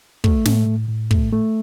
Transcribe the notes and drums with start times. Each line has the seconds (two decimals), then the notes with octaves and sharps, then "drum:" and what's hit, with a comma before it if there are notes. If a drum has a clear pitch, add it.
0.24 A3, drum: kick
0.45 A2, drum: snare
0.67 A2
0.88 A2
1.11 A3, drum: kick
1.32 A3